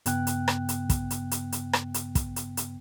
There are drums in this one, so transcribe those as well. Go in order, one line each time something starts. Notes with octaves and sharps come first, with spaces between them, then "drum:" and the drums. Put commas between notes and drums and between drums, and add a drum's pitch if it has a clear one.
G2 C#3 B3 G5 F#6, drum: hi-hat
drum: hi-hat
drum: rim click
drum: hi-hat
drum: kick, hi-hat
drum: hi-hat
drum: hi-hat
drum: hi-hat
drum: rim click
drum: hi-hat
drum: kick, hi-hat
drum: hi-hat
drum: hi-hat